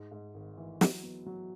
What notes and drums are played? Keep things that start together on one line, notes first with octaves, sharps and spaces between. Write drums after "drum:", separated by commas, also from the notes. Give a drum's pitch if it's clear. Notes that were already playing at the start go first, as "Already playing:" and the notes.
Already playing: G#2
G#2
G#1
E3
F#3, drum: snare
B3
F#3